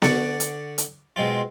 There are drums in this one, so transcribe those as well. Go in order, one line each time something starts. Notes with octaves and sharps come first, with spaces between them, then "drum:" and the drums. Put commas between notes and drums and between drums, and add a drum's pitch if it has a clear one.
D3 D5 F#5 C#6, drum: snare B3
drum: hi-hat
drum: hi-hat
B2 G#3 C4 F4